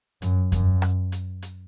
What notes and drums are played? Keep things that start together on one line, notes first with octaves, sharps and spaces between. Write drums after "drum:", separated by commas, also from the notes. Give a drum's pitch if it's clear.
F#2, drum: hi-hat
F#2, drum: kick E2, hi-hat
drum: rim click
drum: hi-hat
drum: hi-hat